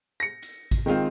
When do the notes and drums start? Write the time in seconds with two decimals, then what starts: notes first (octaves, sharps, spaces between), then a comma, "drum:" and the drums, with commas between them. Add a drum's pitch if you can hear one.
0.20 A#6 C#7
0.42 drum: hi-hat
0.71 drum: kick G#1, hi-hat
0.86 D#3 G#3 C4 F4